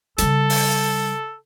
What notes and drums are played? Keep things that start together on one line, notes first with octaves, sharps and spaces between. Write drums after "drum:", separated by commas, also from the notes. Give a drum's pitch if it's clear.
C#3 G3 A4, drum: hi-hat
drum: open hi-hat